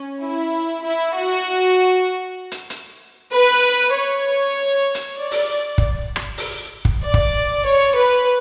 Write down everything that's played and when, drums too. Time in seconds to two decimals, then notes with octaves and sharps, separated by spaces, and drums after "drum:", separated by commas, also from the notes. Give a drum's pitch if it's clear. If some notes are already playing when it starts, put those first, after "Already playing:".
Already playing: C#4
0.23 E4
0.85 E4
1.16 F#4
2.52 drum: hi-hat
2.70 drum: hi-hat
3.33 B4
3.95 C#5
4.95 drum: hi-hat
5.19 D5
5.31 drum: open hi-hat
5.78 drum: kick
6.16 drum: rim click
6.38 drum: open hi-hat
6.85 drum: kick
7.03 D5
7.14 drum: kick
7.65 C#5
7.96 B4